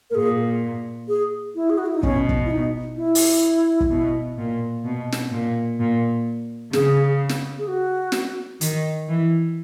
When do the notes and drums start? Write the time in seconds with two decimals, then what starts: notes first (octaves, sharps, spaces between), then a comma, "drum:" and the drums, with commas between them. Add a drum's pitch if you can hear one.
0.10 A#4
0.14 A#2 G#4
1.08 G#4
1.55 E4
1.70 G#4
1.78 F#4
1.86 E4
1.94 D#4
2.03 B2 C#4, drum: kick
2.29 drum: kick
2.45 E4
2.50 D#4
2.97 E4
3.15 drum: open hi-hat
3.80 drum: kick
3.91 B2
4.38 A#2
4.85 B2
5.12 drum: snare
5.32 A#2
5.80 A#2
6.73 C#3 G#4, drum: snare
7.29 drum: snare
7.58 G#4
7.68 F#4
8.12 drum: snare
8.61 D#3, drum: hi-hat
9.09 E3